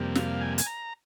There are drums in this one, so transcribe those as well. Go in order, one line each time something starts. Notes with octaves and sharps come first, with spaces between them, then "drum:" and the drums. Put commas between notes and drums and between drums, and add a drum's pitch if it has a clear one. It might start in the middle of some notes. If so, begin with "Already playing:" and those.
Already playing: F2 C3 G3 A#3
F5, drum: snare
G#5
G#5, drum: hi-hat
A#5